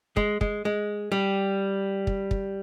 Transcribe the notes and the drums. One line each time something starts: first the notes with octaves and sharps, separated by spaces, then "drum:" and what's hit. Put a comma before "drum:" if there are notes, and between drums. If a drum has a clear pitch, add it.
G#3, drum: kick
G#3, drum: kick
G#3
G3
drum: kick
drum: kick